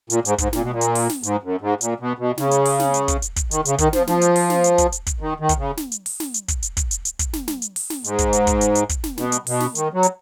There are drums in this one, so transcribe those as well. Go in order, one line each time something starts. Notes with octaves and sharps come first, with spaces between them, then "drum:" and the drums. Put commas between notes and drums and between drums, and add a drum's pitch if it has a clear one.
A#2, drum: hi-hat
G#2, drum: hi-hat
G#2, drum: kick, hi-hat
A#2, drum: snare
B2
A#2
drum: hi-hat
drum: open hi-hat
drum: snare
G#2, drum: hi-hat
F#2
G#2
A#2, drum: hi-hat
B2
B2
C#3, drum: snare
drum: hi-hat
drum: open hi-hat
drum: snare
drum: hi-hat
drum: kick, hi-hat
drum: hi-hat
drum: kick, hi-hat
D#3, drum: hi-hat
C#3, drum: hi-hat
D#3, drum: kick, hi-hat
F3, drum: snare
F3, drum: snare
drum: hi-hat
drum: open hi-hat
drum: snare
drum: hi-hat
drum: kick, hi-hat
drum: hi-hat
drum: kick, hi-hat
D#3
D#3
drum: kick, hi-hat
C#3
drum: snare
drum: hi-hat
drum: open hi-hat
drum: snare
drum: hi-hat
drum: kick, hi-hat
drum: hi-hat
drum: kick, hi-hat
drum: hi-hat
drum: hi-hat
drum: kick, hi-hat
drum: snare
drum: snare
drum: hi-hat
drum: open hi-hat
drum: snare
G#2, drum: hi-hat
drum: kick, hi-hat
drum: hi-hat
drum: kick, hi-hat
drum: hi-hat
drum: hi-hat
drum: kick, hi-hat
drum: snare
B2, drum: snare
drum: hi-hat
B2, drum: open hi-hat
drum: snare
D#3, drum: hi-hat
F#3
drum: hi-hat